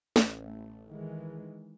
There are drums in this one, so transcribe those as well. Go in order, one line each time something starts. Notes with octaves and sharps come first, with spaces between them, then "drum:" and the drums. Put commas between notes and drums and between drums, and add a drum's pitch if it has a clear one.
A1, drum: snare
A3
D#3 E3 G#3